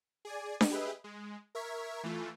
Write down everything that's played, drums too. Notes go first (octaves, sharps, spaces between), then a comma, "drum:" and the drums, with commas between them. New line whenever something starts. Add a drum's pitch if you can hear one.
G#4 D5 G#5
drum: snare D4
G4 G#4 B4 D#5 E5
G#3
A#4 E5 C#6 G#6 B6
E3 A3 F4